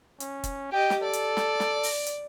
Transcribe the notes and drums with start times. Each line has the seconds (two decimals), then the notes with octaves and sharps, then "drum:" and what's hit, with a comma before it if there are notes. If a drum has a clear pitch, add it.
0.20 C#4, drum: hi-hat
0.44 drum: kick, hi-hat
0.72 G4 D#5 G5
0.90 drum: snare
1.03 A4 D5
1.13 drum: hi-hat
1.37 drum: snare
1.60 drum: snare
1.83 drum: open hi-hat
2.06 drum: hi-hat